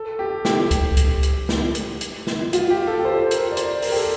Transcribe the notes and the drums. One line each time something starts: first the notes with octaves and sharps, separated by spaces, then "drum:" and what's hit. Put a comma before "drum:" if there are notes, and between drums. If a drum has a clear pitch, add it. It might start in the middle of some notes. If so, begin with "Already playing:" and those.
Already playing: A4
G4
G4, drum: snare
drum: kick C#2, hi-hat
drum: kick C#2, hi-hat
drum: hi-hat
drum: snare
drum: hi-hat
drum: hi-hat
drum: snare
F4, drum: hi-hat
G4
A4
C5
A#4, drum: hi-hat
D5
C5, drum: hi-hat
A#4, drum: open hi-hat
G4
A4